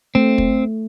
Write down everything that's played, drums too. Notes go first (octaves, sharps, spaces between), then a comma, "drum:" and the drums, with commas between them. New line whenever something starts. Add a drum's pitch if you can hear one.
A3 C4
drum: kick